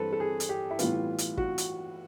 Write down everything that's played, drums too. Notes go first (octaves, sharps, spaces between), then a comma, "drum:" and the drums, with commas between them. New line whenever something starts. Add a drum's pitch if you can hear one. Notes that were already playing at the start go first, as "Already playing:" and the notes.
Already playing: G2 E3 G3 C4 A4 B4
A4
G#4
drum: hi-hat
G4
E4
A2 E3 G3 B3 F4, drum: hi-hat
drum: hi-hat
F#4, drum: kick
drum: hi-hat